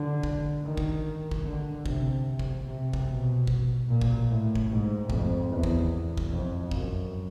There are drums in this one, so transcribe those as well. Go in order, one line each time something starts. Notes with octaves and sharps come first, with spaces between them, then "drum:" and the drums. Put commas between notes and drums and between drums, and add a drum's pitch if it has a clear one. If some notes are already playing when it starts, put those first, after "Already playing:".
Already playing: D3
drum: kick
D#3
drum: kick
drum: kick
D3
C3, drum: kick
drum: kick
C3
drum: kick
B2
drum: kick
A#2
drum: kick
A2
drum: kick
G#2
F2, drum: kick
E2
drum: kick
drum: kick
F2
F#2, drum: kick